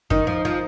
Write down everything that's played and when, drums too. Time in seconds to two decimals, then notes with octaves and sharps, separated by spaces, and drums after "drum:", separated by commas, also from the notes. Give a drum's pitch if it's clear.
0.10 D#3 D#4, drum: kick F2
0.27 F3
0.45 F3